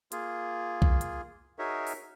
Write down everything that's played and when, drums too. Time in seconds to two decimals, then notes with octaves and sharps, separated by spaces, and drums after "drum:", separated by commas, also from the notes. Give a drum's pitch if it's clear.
0.12 A#3 F4 G#4, drum: hi-hat
0.82 drum: kick B1
1.01 drum: hi-hat
1.59 D#4 F#4 G#4 A#4 C#5 E5
1.87 drum: open hi-hat